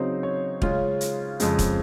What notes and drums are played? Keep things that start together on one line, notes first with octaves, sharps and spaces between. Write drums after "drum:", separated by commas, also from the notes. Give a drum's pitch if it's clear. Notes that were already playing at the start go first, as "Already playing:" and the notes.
Already playing: C#3 F#3 C4 D#4 C5
C#5
C#3 G#3 C#4 F4, drum: kick
drum: hi-hat
F2 C#3 G#3 C4, drum: hi-hat
drum: kick, hi-hat